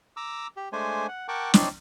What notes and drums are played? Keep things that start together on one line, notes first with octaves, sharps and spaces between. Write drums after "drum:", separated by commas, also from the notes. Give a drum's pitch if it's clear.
A#5 D6 E6
G4
G#3 A3 D4 C5 G#5
F#5
A#4 F#5 G5 A5 C#6 D6
C4 D4 D#4 C#5 D5 C6, drum: snare